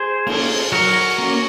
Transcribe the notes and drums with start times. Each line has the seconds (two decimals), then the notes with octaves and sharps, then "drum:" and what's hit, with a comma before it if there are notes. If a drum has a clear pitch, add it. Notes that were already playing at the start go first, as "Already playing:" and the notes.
Already playing: G#4 C5
0.27 A#3 C#4, drum: cymbal
0.72 F#3 F#4 A#4
1.18 A#3 C#4